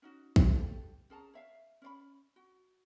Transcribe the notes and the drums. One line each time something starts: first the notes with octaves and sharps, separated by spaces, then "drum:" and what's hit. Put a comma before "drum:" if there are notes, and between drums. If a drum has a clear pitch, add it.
C#4 D#4 F#4
drum: kick
G4 A4
C#4 G#4 A5 A#5
C#5 E5 F5
C#4 D5 B5
F#4